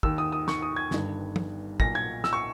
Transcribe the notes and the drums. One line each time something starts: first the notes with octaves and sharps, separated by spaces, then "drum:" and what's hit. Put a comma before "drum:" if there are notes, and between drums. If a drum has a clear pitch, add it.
D#2 D#3 E6, drum: kick
D#6
D#6
C#6, drum: snare
D#6
G#6
G1 G2 D#3, drum: snare
drum: tom
B1 A#2 A#6, drum: kick
G#6
E6, drum: snare
C#6